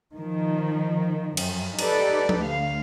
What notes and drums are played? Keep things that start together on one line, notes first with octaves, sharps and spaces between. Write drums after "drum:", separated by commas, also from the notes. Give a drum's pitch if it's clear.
D#3 F3
F#2, drum: cymbal
D#4 G4 A4 B4 D5, drum: cymbal
drum: tom F3
D2 F5